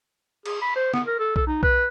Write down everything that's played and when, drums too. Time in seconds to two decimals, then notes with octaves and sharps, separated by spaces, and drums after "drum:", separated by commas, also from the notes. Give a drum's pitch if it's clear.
0.46 G#4, drum: cymbal
0.62 B5
0.75 C5
0.93 B3, drum: snare
1.07 A#4
1.19 A4
1.36 A4, drum: kick B1
1.47 D#4
1.63 B4, drum: kick B1